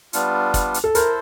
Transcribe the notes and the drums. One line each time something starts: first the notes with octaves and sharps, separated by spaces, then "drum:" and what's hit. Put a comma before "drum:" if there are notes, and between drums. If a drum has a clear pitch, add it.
G3 B3 D4 F4, drum: hi-hat
drum: kick, hi-hat
drum: hi-hat
A4
E4 A4 A#4 C5, drum: hi-hat